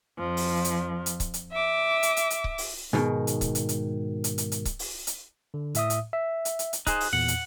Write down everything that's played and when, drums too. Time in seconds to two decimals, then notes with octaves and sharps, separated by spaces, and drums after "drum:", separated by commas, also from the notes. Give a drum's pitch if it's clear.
0.19 F2 F3
0.37 drum: open hi-hat
0.64 drum: hi-hat
1.06 drum: hi-hat
1.20 drum: kick C#1, hi-hat
1.34 drum: hi-hat
1.52 E5 D6
2.03 drum: hi-hat
2.17 drum: hi-hat
2.30 drum: hi-hat
2.44 drum: kick C#1
2.58 drum: open hi-hat
2.93 G#2 B2 D#3
3.27 drum: hi-hat
3.41 drum: kick C#1, hi-hat
3.55 drum: hi-hat
3.69 drum: hi-hat
4.24 drum: hi-hat
4.38 drum: hi-hat
4.52 drum: hi-hat
4.65 drum: kick C#1, hi-hat
4.79 drum: open hi-hat
5.07 drum: hi-hat
5.54 D3
5.75 A2 E5 D#6, drum: hi-hat
5.90 drum: hi-hat
6.13 E5
6.45 drum: hi-hat
6.59 drum: hi-hat
6.73 drum: hi-hat
6.87 D#4 G#4 C5 F#6, drum: kick C#1, hi-hat
7.00 drum: open hi-hat
7.13 E2 A#2 F#5
7.28 drum: hi-hat